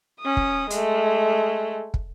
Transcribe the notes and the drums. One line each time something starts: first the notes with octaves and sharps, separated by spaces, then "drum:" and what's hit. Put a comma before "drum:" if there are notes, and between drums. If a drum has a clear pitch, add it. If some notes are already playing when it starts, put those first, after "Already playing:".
C#4 D#6
drum: kick
G#3 A3, drum: hi-hat
drum: kick